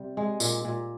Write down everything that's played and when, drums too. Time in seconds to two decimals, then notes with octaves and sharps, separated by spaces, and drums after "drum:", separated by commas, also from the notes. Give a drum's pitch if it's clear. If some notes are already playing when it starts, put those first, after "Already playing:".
Already playing: C3 G3
0.17 G#3
0.40 A#2, drum: tambourine
0.65 A#2